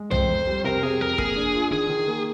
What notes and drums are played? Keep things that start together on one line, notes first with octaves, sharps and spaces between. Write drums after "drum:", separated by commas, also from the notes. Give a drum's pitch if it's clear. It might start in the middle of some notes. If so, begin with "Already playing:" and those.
Already playing: G#3
F2 C5, drum: tom B1
F2
G3
C3 A#4
C3 G#4
F2 A#4
A#3 G#4, drum: kick
D4
F4
D#3 G#4
D#3
A#3